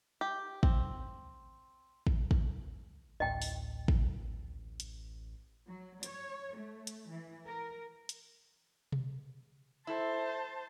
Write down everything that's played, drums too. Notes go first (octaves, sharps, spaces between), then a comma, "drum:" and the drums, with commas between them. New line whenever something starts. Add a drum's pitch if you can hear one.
G4
C4, drum: kick
drum: kick
drum: kick
A1 D2 A2 D#5 G5
drum: open hi-hat
drum: kick
drum: hi-hat
F#3
C#5, drum: hi-hat
A3
drum: hi-hat
E3
A#4
drum: hi-hat
drum: tom B2
E4 A4 C5 A5